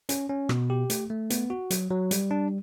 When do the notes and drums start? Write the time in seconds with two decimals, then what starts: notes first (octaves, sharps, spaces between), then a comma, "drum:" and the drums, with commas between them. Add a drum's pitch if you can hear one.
0.09 C#4, drum: hi-hat
0.29 C#4
0.49 B2, drum: rim click
0.70 G4
0.90 A3, drum: hi-hat
1.10 A3
1.30 B3, drum: hi-hat
1.50 F#4
1.71 F#3, drum: hi-hat
1.91 F#3
2.11 G3, drum: hi-hat
2.31 D4